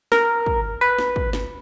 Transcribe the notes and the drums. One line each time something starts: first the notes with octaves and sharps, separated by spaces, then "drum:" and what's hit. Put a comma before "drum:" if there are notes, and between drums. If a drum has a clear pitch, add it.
A#4, drum: snare
drum: kick
B4
drum: snare
drum: kick
drum: snare